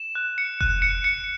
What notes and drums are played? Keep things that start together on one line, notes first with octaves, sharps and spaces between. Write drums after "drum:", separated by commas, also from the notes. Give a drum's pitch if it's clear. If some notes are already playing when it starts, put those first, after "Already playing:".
Already playing: E7
F#6
C#7
F#6, drum: kick F1
C#7
C#7